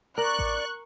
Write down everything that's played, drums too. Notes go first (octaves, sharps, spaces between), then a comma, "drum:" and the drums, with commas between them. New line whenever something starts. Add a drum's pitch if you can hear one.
A#4 D5 C#6 F#6
drum: kick A1